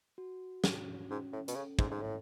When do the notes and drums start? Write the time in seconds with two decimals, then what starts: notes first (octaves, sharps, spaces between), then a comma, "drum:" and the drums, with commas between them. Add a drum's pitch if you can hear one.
0.18 F#4
0.64 C#4, drum: snare
1.10 G#2 C#4
1.33 A2
1.48 B2, drum: hi-hat
1.55 C#3 A4
1.79 G#2, drum: kick
1.91 G#2
2.02 A2 C#4